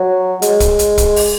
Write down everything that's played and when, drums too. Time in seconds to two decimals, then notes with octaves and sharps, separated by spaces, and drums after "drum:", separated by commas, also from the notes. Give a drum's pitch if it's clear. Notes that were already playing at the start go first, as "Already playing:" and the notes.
Already playing: F#3
0.42 G#3, drum: hi-hat
0.60 drum: kick, hi-hat
0.79 drum: hi-hat
0.98 drum: kick, hi-hat
1.16 drum: open hi-hat